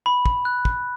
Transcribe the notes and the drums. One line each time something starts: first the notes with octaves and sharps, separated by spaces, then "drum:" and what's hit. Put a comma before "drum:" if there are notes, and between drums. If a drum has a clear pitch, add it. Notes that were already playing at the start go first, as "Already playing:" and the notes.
B5
drum: kick
F#6
drum: kick